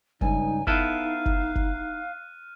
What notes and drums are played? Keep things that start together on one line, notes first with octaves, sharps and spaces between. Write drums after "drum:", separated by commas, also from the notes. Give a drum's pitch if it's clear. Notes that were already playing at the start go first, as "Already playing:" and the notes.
C#2 G2 D#4 G#5, drum: kick
B3 D#4 E4 A4 F5 F6 F#6 D#7, drum: kick
drum: kick
drum: kick